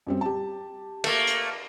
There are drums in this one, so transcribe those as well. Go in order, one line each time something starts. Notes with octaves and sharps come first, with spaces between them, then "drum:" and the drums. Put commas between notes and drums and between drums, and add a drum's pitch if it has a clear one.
F#2 G3 C4
G4 A5
A3 A#3, drum: cymbal
drum: hi-hat